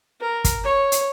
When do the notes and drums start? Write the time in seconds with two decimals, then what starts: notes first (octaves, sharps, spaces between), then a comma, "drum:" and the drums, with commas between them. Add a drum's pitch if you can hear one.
0.21 A#4
0.44 drum: kick, hi-hat
0.64 C#5
0.92 drum: hi-hat